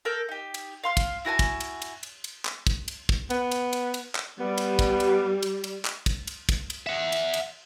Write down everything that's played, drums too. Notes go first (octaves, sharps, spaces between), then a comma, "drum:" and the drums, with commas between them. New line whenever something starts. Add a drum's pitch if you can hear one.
A4 A#4 G6
D#4 G4
drum: cymbal
F5 C6 F6
drum: kick, cymbal
E4 F#4 G#5 A5
drum: kick, cymbal
drum: cymbal
drum: cymbal
drum: cymbal
drum: cymbal
drum: clap
drum: kick, cymbal
drum: cymbal
drum: kick
B3, drum: cymbal
drum: cymbal
drum: cymbal
drum: cymbal
drum: clap
G3 B3
drum: cymbal
drum: kick, cymbal
drum: cymbal
drum: cymbal
drum: cymbal
drum: clap
drum: kick, cymbal
drum: cymbal
drum: kick, cymbal
drum: cymbal
E5 F#5
drum: cymbal
drum: cymbal